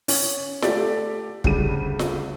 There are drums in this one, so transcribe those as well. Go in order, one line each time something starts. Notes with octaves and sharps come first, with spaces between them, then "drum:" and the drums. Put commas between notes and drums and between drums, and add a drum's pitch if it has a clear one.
C#4, drum: open hi-hat
A3 G4 D5, drum: snare F4
D2 C#3 G3 D#7, drum: kick
drum: snare F4